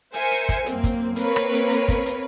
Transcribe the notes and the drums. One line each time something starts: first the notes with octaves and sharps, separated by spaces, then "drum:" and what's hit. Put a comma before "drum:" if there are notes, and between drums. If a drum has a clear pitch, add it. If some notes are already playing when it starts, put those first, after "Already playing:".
A#4 C5 E5 G#5 C#7, drum: hi-hat
drum: hi-hat
drum: kick, hi-hat
F#2 A#3 C4, drum: hi-hat
drum: kick, hi-hat
A#3 C4 A#4 B4 C#5, drum: hi-hat
drum: rim click
drum: hi-hat
drum: hi-hat
drum: kick, hi-hat
drum: hi-hat